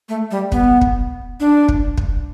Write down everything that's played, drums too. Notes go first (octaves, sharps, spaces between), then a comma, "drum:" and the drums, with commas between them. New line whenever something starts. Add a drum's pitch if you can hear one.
A3
G3
B3, drum: kick
drum: kick
D4
drum: kick
drum: kick